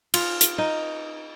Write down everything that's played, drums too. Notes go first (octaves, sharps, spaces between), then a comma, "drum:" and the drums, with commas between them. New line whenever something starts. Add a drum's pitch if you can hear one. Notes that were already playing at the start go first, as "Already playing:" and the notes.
F4, drum: cymbal
drum: hi-hat
D#4